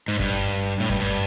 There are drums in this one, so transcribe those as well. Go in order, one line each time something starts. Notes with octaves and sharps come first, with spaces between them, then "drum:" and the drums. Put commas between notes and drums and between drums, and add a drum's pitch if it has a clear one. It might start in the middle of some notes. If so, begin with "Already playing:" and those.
G#2
G2, drum: kick G1
A2
G2, drum: kick G1
G2